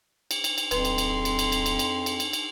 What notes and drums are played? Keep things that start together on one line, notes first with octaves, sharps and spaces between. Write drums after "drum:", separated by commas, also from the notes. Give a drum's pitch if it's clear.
drum: cymbal
drum: cymbal
drum: cymbal
D1 F2 B4 C6, drum: cymbal
drum: cymbal
drum: cymbal
drum: cymbal
drum: cymbal
drum: cymbal
drum: cymbal
drum: cymbal
drum: cymbal
drum: cymbal
drum: cymbal